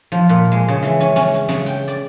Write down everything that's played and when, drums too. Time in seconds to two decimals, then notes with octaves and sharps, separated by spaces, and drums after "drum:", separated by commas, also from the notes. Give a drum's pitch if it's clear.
0.12 F3
0.29 A#2
0.52 G#3
0.68 C#3
0.82 E3, drum: hi-hat
1.00 C#4, drum: hi-hat
1.16 C#4, drum: snare
1.33 drum: hi-hat
1.49 C#3, drum: snare
1.66 G5, drum: hi-hat
1.88 D5, drum: hi-hat